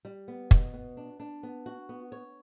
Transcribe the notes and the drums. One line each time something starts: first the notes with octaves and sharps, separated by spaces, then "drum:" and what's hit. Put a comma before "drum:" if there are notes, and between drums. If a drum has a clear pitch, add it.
G3
B3
B2, drum: kick
B3
D4
D4
B3
F#4
B3
C#5